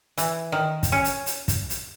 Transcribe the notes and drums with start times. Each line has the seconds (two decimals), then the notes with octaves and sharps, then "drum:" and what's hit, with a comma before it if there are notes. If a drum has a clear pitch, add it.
0.18 E3, drum: hi-hat
0.52 D#3
0.83 drum: kick, hi-hat
0.92 C#4
1.04 drum: hi-hat
1.26 drum: hi-hat
1.48 drum: kick, hi-hat
1.70 drum: hi-hat